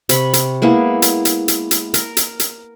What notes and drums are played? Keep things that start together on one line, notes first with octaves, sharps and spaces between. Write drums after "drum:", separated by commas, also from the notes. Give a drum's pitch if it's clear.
C3 B5 C#6, drum: hi-hat
drum: hi-hat
G#3 A#3 B3 E4
drum: hi-hat
drum: hi-hat
drum: hi-hat
drum: hi-hat
A#4, drum: hi-hat
drum: hi-hat
drum: hi-hat